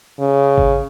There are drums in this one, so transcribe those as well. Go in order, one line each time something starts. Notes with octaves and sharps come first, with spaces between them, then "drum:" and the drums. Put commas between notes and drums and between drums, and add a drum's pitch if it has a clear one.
C#3
drum: kick G#1